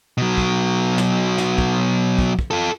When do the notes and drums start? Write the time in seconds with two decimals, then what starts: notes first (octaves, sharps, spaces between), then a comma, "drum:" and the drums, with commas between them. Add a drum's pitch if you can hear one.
0.18 B2 F#3
0.38 drum: kick
0.98 drum: snare
1.38 drum: snare
1.58 drum: kick
2.19 drum: kick
2.39 drum: kick
2.51 F4 A4